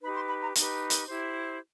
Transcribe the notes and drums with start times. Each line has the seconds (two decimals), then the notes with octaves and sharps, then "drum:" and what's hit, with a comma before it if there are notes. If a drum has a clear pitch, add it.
0.02 D#4 G4 B4 B5
0.15 C6
0.29 B5
0.41 A#5
0.55 D#4 G4 B4, drum: hi-hat
0.90 drum: hi-hat
1.07 E4 G4 C5